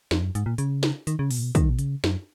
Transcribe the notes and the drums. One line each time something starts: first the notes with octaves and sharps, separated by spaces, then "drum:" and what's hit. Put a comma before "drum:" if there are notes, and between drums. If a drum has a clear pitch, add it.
F2, drum: snare
F#2
G#2, drum: hi-hat
A#2
C#3, drum: hi-hat
drum: snare
D#3, drum: hi-hat
C#3
B2, drum: open hi-hat
A#2
B2
D#3, drum: kick, hi-hat
B2
C#3, drum: hi-hat
F#2, drum: snare